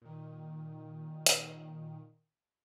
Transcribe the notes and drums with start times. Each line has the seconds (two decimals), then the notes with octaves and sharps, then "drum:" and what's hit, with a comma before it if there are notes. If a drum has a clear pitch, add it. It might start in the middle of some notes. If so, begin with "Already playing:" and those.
0.02 A#2 D#3
1.26 drum: hi-hat